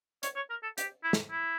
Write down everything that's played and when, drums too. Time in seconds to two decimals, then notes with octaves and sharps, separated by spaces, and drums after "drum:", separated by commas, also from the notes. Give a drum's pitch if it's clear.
0.23 C#5, drum: hi-hat
0.36 C#5
0.50 A#4
0.63 A4
0.78 G4, drum: hi-hat
1.04 E4
1.13 drum: snare
1.31 E4